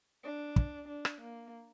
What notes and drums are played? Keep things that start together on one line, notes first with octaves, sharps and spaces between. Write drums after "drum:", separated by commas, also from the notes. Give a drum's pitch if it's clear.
D4
drum: kick
D4
drum: rim click
A#3